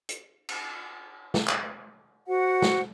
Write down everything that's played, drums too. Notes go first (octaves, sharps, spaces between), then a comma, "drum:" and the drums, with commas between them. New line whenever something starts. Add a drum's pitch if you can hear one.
drum: hi-hat
drum: cymbal
drum: snare
drum: clap
F#4 C5 F#5
drum: snare